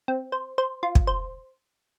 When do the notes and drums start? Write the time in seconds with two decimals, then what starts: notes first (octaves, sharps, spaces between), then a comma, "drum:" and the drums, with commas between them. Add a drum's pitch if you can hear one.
0.08 C4
0.32 C5
0.58 C5
0.83 F4
0.95 drum: kick
1.07 C5